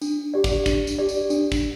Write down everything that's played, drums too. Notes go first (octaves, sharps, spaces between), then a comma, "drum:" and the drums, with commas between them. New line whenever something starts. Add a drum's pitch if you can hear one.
D4, drum: tambourine
G4 D5
drum: kick, tambourine
D4, drum: kick, tambourine
drum: tambourine
G4 D5
drum: tambourine
D4, drum: tambourine
drum: kick, tambourine